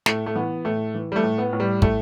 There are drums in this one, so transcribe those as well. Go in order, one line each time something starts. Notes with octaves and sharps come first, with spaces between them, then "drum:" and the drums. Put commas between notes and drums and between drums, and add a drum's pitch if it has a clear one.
A2 A3, drum: snare
A3
E3 B3
A2 A3
E3
G3
A3
A2
B3
A2
G3
A2 A3, drum: kick